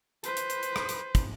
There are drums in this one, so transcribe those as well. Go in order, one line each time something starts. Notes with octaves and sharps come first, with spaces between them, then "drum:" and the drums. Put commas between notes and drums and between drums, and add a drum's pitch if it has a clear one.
B4 C5, drum: hi-hat
drum: hi-hat
drum: hi-hat
drum: hi-hat
drum: rim click
drum: hi-hat
drum: kick, hi-hat